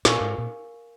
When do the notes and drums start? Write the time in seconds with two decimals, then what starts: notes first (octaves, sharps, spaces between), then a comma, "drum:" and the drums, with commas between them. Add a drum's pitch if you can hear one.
0.05 A#2 A#4 F5 G#5 C#6 E6, drum: snare
0.21 G#2
0.38 A#2